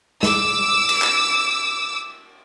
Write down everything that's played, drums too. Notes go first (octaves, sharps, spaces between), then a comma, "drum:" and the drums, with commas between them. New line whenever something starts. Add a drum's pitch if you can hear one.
D6 E6, drum: snare
drum: cymbal
drum: clap